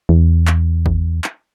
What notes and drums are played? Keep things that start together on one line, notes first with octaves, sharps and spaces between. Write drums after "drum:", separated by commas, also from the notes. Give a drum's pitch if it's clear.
E2
drum: clap
drum: kick
drum: clap